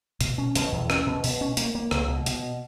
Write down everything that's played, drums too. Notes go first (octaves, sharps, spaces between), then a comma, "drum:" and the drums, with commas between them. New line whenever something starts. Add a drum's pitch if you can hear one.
B2, drum: hi-hat
C#4
B2, drum: hi-hat
E2
C#4, drum: rim click
B2
B2, drum: open hi-hat
C#4
A#3, drum: hi-hat
A#3
C#2, drum: rim click
B2
B2, drum: hi-hat